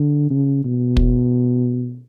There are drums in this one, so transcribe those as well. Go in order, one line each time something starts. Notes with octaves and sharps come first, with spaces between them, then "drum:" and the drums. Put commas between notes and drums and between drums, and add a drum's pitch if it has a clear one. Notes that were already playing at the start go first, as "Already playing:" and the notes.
Already playing: D3
C#3
B2
drum: kick